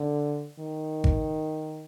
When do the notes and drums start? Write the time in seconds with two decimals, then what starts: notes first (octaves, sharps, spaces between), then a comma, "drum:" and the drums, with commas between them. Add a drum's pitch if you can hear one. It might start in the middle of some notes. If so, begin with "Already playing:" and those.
Already playing: D3
0.59 D#3
1.04 drum: kick G#1